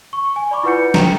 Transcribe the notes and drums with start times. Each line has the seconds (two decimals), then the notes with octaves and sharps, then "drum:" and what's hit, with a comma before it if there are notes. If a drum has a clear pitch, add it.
0.13 C#6
0.36 G#5
0.51 D5 B5 C#6 D6
0.63 E4 F4 B4 F#5 G6 C#7
0.94 G5 A#5, drum: snare